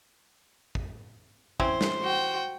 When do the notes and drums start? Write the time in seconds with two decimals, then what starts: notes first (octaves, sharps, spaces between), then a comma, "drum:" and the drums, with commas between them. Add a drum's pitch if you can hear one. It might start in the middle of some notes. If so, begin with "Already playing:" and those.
0.75 drum: kick
1.60 E3 C4 C#4 C5, drum: kick
1.81 drum: snare
2.02 F#4 G5